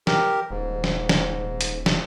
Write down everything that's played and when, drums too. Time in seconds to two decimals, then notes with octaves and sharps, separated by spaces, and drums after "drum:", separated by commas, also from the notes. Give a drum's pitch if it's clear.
0.07 G4 A#4, drum: snare
0.50 D#1 G#2
0.84 drum: snare
1.09 drum: snare
1.61 drum: hi-hat
1.86 drum: snare